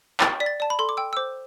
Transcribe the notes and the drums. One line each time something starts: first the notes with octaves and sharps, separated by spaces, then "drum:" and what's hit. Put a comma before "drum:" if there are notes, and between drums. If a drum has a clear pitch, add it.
G5 A6, drum: clap
D5 B6
A6
D5 A5
B5
A4 C6
D6
G5 E6
E6
C5 D6